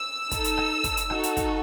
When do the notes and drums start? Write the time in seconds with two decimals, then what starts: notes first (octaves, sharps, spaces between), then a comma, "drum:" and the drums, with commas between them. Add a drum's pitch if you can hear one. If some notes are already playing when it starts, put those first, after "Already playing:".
Already playing: E6
0.31 D#4 A4, drum: kick, hi-hat
0.44 drum: hi-hat
0.57 drum: rim click
0.84 drum: kick, hi-hat
0.97 drum: hi-hat
1.10 D#4 F#4 A4, drum: rim click
1.23 drum: hi-hat
1.37 drum: kick, hi-hat